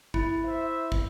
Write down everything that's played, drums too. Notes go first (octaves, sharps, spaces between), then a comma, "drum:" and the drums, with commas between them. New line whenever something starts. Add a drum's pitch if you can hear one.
E4, drum: kick
C5 E5
drum: kick